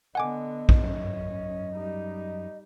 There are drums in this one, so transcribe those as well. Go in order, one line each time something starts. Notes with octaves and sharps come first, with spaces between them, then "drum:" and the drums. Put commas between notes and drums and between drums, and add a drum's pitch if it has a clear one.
D3 B3 D#5 F#5 G#5 D6
drum: kick A#1
F#2 C#4
G3 D#4